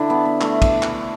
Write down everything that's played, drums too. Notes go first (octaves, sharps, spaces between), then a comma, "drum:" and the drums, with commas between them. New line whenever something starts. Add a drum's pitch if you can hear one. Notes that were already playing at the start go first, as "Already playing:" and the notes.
Already playing: D3 D4 E4
B3
B3
A3, drum: clap
drum: kick, cymbal
drum: clap